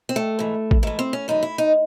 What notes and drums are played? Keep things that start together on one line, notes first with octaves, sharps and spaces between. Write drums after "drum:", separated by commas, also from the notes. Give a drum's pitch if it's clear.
C4
A3
G#2 E3
drum: kick
G#2 E3 A3
C4
C#4
F#2 E3 D#4
E4
D#4